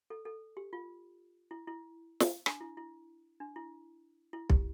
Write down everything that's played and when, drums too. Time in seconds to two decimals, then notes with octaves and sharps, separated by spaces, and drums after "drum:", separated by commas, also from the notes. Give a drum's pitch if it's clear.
0.10 A4
0.25 A4
0.57 G4
0.73 F4
1.51 E4
1.67 E4
2.20 drum: snare
2.46 D4, drum: rim click
2.61 E4
2.77 E4
3.40 D4
3.56 E4
4.33 E4
4.50 G4, drum: kick B1